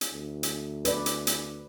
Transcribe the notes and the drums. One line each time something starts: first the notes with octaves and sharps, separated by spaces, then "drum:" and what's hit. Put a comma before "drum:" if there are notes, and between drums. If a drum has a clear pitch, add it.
drum: hi-hat
D2
drum: hi-hat
B4 D5, drum: hi-hat
drum: hi-hat
drum: hi-hat